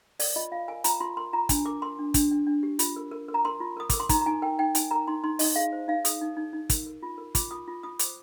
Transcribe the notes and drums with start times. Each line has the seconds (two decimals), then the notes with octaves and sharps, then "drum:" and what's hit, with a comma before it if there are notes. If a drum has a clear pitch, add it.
0.20 A#4 D5, drum: open hi-hat
0.36 F4 D#5
0.52 F4 F5
0.68 A#4 G#5
0.84 F4 A#5, drum: hi-hat
1.00 F4 C6
1.17 A#4 C6
1.33 F4 A#5
1.49 D4 G#5, drum: kick, hi-hat
1.65 A#4 D6
1.82 A#4 C6
1.99 D4
2.14 D4, drum: kick, hi-hat
2.31 D4
2.47 D4
2.63 G4
2.79 F4, drum: hi-hat
2.96 A#4
3.11 A#4
3.28 A#4
3.34 A#5
3.45 A#4 C6
3.60 F4
3.77 A#4 D#6
3.90 A#4 D6, drum: kick, hi-hat
4.00 C6
4.09 D#4 A#5, drum: kick, hi-hat
4.21 A#5
4.26 D#4 G#5
4.42 A#4 G5
4.59 D#4 G5
4.75 D#4 G#5, drum: hi-hat
4.91 A#4 A#5
5.08 D#4 C6
5.24 D#4 C6
5.39 D#4 D#5, drum: open hi-hat
5.56 G#4 F5
5.72 C5
5.88 D#4 F5
6.05 G#4 D#6, drum: hi-hat
6.21 D#4
6.37 D#4
6.53 D#4
6.70 A#4, drum: kick, hi-hat
6.86 A#4
7.03 F4
7.18 A#4
7.35 F4 D6, drum: kick, hi-hat
7.51 F4 D#6
7.68 F4
7.83 F4 D#6
7.99 C5 D6, drum: hi-hat